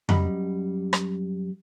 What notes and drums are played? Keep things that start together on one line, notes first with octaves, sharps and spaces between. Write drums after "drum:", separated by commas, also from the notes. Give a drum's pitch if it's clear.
F#2 G3 D#5 F#5 A#5 B5, drum: tom F2
drum: rim click